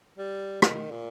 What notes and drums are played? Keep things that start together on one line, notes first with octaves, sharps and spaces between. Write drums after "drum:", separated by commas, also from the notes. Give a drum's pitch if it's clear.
G3
D#3, drum: rim click
A#2